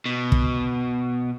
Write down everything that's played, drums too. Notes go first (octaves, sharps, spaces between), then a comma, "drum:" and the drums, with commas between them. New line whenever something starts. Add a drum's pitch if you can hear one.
B2
drum: kick